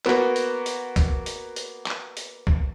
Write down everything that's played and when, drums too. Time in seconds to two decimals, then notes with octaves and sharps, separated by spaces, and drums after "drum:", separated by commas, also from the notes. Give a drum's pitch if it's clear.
0.06 A#3 B3 F#4, drum: clap
0.36 drum: hi-hat
0.66 drum: hi-hat
0.96 drum: kick, hi-hat
1.26 drum: hi-hat
1.56 drum: hi-hat
1.87 drum: clap
2.17 drum: hi-hat
2.47 drum: kick